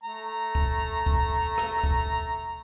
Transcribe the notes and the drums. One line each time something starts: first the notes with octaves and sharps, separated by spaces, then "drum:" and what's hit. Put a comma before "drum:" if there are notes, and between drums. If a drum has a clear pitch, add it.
A3 A#5
drum: kick
drum: kick
drum: rim click
drum: kick